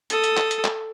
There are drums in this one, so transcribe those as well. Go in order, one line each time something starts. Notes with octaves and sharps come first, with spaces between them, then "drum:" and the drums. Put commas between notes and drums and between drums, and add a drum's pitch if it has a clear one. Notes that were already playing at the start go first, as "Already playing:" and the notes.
A4 D#6, drum: hi-hat
drum: hi-hat
drum: clap
drum: hi-hat
drum: clap